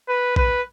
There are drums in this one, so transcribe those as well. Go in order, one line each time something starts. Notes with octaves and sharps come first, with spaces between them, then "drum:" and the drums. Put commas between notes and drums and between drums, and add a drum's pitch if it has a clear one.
B4
B4, drum: kick A#1